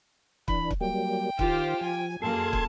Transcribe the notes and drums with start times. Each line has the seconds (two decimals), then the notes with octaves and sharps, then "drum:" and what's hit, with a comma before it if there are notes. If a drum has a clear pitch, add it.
0.48 E3 D4 B5, drum: kick
0.71 drum: kick
0.81 F#3 G3 A#3 G5
1.39 D#3 F4 G4 C5, drum: kick
1.81 F3 G#5
2.22 F#2 A#3 G#4 A4 A5 C6 G#6
2.53 drum: kick